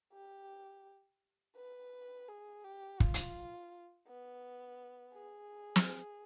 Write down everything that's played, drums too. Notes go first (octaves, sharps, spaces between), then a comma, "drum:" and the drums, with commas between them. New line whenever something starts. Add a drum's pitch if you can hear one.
G4
B4
G#4
G4
F4, drum: kick
drum: hi-hat
B3
G#4
drum: snare